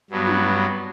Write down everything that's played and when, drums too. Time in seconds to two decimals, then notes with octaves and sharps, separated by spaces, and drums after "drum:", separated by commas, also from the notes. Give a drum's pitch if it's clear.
0.10 G2 F#3 B3
0.27 drum: tom